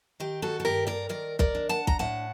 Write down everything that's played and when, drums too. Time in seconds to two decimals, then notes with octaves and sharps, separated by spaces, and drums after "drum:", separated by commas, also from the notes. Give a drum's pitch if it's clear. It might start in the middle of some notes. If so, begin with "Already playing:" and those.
0.20 D#3 G4
0.42 F#4 A4
0.60 A4
0.65 G2 G4 A#4
0.87 A#4 D5
1.09 D#3 A#4 D5
1.39 A#4 D5, drum: kick
1.55 D4
1.69 F#5 A5
1.87 A#5, drum: kick
1.99 A2 F#5 A5